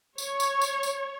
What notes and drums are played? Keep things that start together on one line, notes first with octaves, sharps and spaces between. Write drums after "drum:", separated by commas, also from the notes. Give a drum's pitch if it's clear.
C#5, drum: tambourine
drum: tambourine
drum: tambourine
drum: tambourine